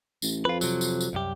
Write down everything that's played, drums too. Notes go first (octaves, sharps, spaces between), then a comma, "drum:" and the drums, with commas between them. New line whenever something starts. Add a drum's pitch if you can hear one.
A1, drum: tambourine
F2 F4 B4
C3 F#3, drum: tambourine
drum: tambourine
drum: tambourine
C2 F#2 G4